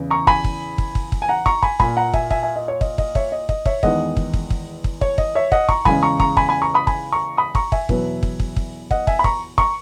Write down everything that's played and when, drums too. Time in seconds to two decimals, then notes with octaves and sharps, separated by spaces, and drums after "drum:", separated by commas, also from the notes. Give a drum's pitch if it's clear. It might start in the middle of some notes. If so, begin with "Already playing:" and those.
Already playing: E2 C#3 E3
0.10 A#5 C#6
0.27 G#5 B5, drum: kick
0.44 drum: kick
0.78 drum: kick
0.95 drum: kick
1.12 drum: kick
1.22 G#5
1.29 F#5 A#5
1.46 A#5 C#6, drum: kick
1.63 G#5 B5, drum: kick
1.80 A#2 A#3 G#5 B5, drum: kick
1.97 F#5 A#5
2.14 E5 G#5, drum: kick
2.30 E5 G#5, drum: kick
2.43 E5 G#5
2.56 D#5
2.68 C#5
2.81 D#5, drum: kick
2.98 D#5, drum: kick
3.15 C#5 E5, drum: kick
3.32 D#5
3.49 D#5, drum: kick
3.65 C#5 E5, drum: kick
3.83 E2 D#3 G#3 B3 D#5 F#5, drum: kick
4.17 drum: kick
4.34 drum: kick
4.50 drum: kick
4.84 drum: kick
5.01 C#5, drum: kick
5.18 D#5, drum: kick
5.35 C#5 E5
5.52 D#5 F#5, drum: kick
5.69 A#5 C#6, drum: kick
5.85 E2 C#3 G#3 G#5 B5, drum: kick
6.03 A#5 C#6
6.20 A#5 C#6, drum: kick
6.37 G#5 B5, drum: kick
6.49 G#5 B5
6.62 A#5 C#6
6.74 B5 D#6
6.87 G#5 B5, drum: kick
7.12 A#5 C#6
7.38 B5 D#6
7.55 A#5 C#6, drum: kick
7.72 E5 G#5, drum: kick
7.89 E2 B2 F#3 B3, drum: kick
8.23 drum: kick
8.40 drum: kick
8.56 drum: kick
8.91 D#5 F#5, drum: kick
9.07 E5 G#5, drum: kick
9.19 B5
9.24 A#5 C#6, drum: kick
9.58 A#5 C#6, drum: kick